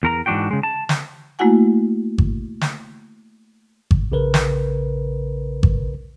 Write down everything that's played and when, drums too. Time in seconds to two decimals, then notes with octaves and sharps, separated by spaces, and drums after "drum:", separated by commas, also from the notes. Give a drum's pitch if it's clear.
0.03 E2 A#4 A#5
0.26 G#2 E3 C#4 D4 F#4 G5
0.51 C#3 G#3
0.63 A5
0.89 drum: snare
1.39 A3 A#3 E4 F#4 F#5 G#5
2.18 drum: kick G#1
2.61 drum: snare
3.91 drum: kick G#1
4.12 A#1 C#3 A#4 B4
4.34 drum: snare
5.63 drum: kick G#1